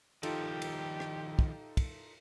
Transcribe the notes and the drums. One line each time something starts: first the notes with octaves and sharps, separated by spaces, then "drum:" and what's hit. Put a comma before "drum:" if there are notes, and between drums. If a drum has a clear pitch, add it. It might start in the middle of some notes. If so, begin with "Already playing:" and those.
D#3 F3 D#4 F4 G4 A4, drum: cymbal
drum: cymbal
drum: rim click
drum: kick
drum: kick, cymbal